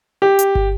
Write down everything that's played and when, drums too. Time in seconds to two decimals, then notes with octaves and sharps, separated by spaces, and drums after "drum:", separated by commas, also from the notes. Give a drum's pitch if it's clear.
0.22 G4
0.39 drum: hi-hat
0.55 drum: kick